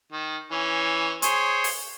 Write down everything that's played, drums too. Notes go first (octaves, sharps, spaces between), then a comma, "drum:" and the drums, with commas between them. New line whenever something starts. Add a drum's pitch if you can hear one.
D#3
E3 C#4
G#4 C5 C#5, drum: hi-hat
drum: open hi-hat